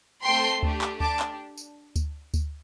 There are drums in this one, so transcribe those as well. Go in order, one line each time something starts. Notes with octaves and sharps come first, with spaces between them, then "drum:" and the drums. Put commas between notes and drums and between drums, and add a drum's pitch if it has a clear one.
A3 C4 A4 G5 C6
A3 D4 G4, drum: kick D2
drum: clap
D4 G4 A5 D6, drum: kick D2
drum: clap
drum: tambourine
drum: kick D2, tambourine
drum: kick D2, tambourine